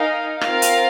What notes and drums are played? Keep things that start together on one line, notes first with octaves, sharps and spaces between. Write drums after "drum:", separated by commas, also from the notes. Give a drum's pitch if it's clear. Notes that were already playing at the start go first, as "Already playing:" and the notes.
Already playing: D#4 A#4 F5 G#5
C4 F4 A#4 F5, drum: rim click
drum: hi-hat